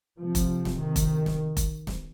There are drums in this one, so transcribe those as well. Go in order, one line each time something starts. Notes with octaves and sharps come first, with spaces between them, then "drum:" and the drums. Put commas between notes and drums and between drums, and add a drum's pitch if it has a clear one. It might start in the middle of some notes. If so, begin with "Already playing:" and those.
F2 C3 F3
drum: kick F1, hi-hat
drum: snare
D#3
drum: kick F1, hi-hat
drum: snare
drum: kick F1, hi-hat
drum: snare